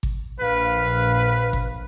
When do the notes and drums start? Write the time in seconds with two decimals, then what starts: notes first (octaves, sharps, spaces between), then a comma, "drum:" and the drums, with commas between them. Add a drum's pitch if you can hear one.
0.03 drum: kick G#1
0.41 A#1 B4 F5
1.53 drum: kick G#1